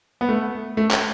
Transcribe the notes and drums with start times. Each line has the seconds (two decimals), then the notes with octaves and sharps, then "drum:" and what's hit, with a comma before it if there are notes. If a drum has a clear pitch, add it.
0.21 B3
0.29 A3
0.77 A3
0.91 drum: clap